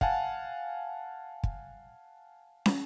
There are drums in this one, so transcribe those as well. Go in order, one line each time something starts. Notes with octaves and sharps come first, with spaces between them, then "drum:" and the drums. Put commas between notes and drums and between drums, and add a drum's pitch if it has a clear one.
F5 F#5 G#5 A5, drum: kick
drum: kick
drum: snare